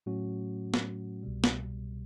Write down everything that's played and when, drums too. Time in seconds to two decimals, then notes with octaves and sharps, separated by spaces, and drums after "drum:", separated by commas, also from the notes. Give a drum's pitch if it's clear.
0.06 A2 F#3 A3 C#4 F#4
0.74 drum: snare
1.23 C2 B2 G3
1.44 drum: snare